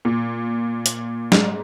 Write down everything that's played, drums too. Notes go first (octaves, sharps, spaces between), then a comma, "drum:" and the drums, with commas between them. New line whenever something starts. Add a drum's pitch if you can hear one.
A#2
drum: hi-hat
G#2, drum: snare